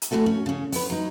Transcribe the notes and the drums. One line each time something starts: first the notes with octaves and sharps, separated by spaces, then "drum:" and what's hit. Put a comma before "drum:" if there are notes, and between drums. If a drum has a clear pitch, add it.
drum: hi-hat
E3 F#3 A3 F#4 A4
C#4
C#3 C#4
B3 B4, drum: open hi-hat
F#3 D#4